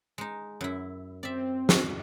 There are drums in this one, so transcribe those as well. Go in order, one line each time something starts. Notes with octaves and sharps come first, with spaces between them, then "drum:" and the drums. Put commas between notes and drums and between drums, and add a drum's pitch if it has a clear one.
G#3 D#4
F#2 E4
C4 D5 E5
drum: snare